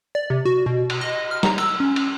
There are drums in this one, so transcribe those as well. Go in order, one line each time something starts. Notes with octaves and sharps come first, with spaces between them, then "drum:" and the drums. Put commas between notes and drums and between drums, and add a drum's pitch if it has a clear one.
D5
C3
F#4
B2
drum: cymbal
D#5
F6
A#5, drum: snare
E6, drum: cymbal
C#4
drum: cymbal